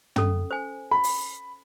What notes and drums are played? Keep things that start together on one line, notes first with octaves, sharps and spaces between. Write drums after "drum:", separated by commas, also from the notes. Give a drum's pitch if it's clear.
C#4 A4, drum: tom
C5 G#5
B5
drum: open hi-hat